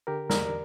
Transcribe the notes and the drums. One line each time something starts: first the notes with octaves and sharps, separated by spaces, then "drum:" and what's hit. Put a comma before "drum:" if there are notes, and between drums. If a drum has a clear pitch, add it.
D3 G4 A#4
E2 A#4 D5, drum: snare